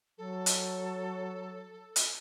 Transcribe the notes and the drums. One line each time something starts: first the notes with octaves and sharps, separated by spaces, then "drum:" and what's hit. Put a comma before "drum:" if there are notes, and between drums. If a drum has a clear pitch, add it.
F#3 A4
drum: hi-hat
drum: hi-hat